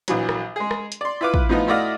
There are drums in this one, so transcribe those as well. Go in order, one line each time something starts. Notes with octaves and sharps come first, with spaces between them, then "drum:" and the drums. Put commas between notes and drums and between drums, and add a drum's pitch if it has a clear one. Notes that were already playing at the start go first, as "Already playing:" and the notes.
A#1 E3 F#3, drum: hi-hat
drum: rim click
G#3 G#4
drum: rim click
drum: hi-hat
D5 C6
E4 F4 B4 F5 D6
drum: kick
A2 F3 B3 D#4 F4
A3 E4 F#4 D5 D#5 F5